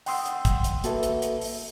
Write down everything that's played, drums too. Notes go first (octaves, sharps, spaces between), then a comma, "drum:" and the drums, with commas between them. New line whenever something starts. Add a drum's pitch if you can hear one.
F#5 G5 C6 D#6 E6, drum: open hi-hat
drum: hi-hat
drum: kick, hi-hat
drum: hi-hat
A#3 F#4 A4 B4 E5, drum: hi-hat
drum: hi-hat
drum: hi-hat
drum: open hi-hat